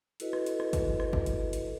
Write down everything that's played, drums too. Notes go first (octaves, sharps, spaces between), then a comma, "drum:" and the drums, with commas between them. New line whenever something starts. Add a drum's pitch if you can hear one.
E4 F#4 A4 B4 D#5, drum: hi-hat
drum: rim click
drum: hi-hat
drum: rim click
drum: kick, hi-hat
drum: rim click
drum: kick
drum: hi-hat
drum: hi-hat